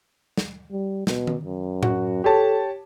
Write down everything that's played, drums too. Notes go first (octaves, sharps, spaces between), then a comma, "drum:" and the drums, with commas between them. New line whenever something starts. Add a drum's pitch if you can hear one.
drum: snare
G3
B2, drum: snare
drum: tom D#3
F#2
F#4, drum: tom A2
G4 A4 C#5 A5